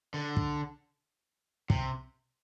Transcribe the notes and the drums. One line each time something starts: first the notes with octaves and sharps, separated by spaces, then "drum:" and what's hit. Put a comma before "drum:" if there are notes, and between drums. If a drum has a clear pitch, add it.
D3
drum: kick
C3, drum: kick